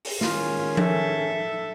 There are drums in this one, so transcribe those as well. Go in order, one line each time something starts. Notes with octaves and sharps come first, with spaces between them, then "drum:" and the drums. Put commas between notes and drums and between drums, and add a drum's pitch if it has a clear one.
drum: open hi-hat
D#3 C#4 F4 G#4 A#4, drum: snare
A4 E5, drum: tom F3